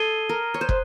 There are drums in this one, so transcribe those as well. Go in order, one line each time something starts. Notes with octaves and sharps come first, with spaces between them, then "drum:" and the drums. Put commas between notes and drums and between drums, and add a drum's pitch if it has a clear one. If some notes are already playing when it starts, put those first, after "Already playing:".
Already playing: A4 D#6 G#6 C7 D#7 G7
A#4
C#5
C5
F#6, drum: kick